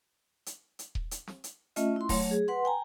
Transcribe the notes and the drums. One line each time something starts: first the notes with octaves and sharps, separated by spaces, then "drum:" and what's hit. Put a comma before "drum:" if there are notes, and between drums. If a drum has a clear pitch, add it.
drum: hi-hat
drum: hi-hat
drum: kick D#1
drum: hi-hat
drum: snare
drum: hi-hat
A3 C#4 F4 D#5 E5, drum: hi-hat
E4 C6
F#3 A3 C#5, drum: kick D#1, open hi-hat
G#4
B4 F#5 C6
G5 G#5 A#5